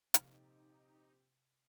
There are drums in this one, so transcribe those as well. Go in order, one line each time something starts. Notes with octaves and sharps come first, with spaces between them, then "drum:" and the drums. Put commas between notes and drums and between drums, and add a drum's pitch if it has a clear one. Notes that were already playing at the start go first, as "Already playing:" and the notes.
A#1 C3 C4 D#4 G4 F5 F6, drum: hi-hat